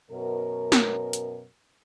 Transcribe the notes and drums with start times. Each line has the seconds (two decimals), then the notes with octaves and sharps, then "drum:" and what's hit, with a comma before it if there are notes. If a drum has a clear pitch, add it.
0.11 F#2 B2 A#4
0.72 drum: snare
1.13 drum: hi-hat